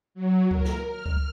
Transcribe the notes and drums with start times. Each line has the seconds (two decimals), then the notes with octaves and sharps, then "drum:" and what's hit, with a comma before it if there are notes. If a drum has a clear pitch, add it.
0.15 F#3
0.51 A#4, drum: kick C#2
0.65 drum: snare
0.87 F6
1.06 drum: kick C#2